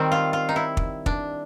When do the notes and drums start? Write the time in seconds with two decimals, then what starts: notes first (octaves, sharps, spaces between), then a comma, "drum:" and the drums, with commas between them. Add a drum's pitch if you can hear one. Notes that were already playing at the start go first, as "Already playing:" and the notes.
Already playing: D#3 G3 C4
0.12 F4
0.33 F4
0.49 D#4
0.56 E4
0.77 drum: kick
1.06 D4, drum: kick